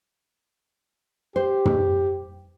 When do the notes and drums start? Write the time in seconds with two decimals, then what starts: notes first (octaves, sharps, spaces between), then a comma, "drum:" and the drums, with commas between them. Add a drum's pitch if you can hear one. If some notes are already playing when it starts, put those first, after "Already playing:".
1.36 G4 C5
1.65 drum: tom